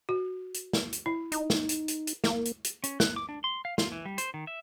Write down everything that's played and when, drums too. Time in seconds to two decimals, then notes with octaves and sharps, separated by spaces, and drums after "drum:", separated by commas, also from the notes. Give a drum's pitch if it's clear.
0.09 F#4
0.54 drum: hi-hat
0.73 drum: snare
0.93 drum: hi-hat
1.06 E4
1.32 D#4, drum: hi-hat
1.50 drum: snare
1.69 drum: hi-hat
1.88 drum: hi-hat
2.07 drum: hi-hat
2.24 A#3, drum: snare
2.45 drum: hi-hat
2.64 drum: hi-hat
2.84 C#4, drum: hi-hat
3.00 F#6, drum: snare
3.16 D6
3.29 D4
3.44 C6
3.65 F5
3.78 F4, drum: snare
3.92 E3
4.05 G3
4.18 C5, drum: hi-hat
4.34 D#3
4.47 E5